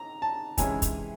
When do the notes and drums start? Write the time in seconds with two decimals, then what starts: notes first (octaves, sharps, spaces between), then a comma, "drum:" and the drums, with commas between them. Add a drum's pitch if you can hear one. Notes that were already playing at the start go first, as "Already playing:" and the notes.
Already playing: A#5
0.22 A5
0.58 C3 E3 G#3 C#4 E4 G#5, drum: kick, hi-hat
0.82 drum: kick, hi-hat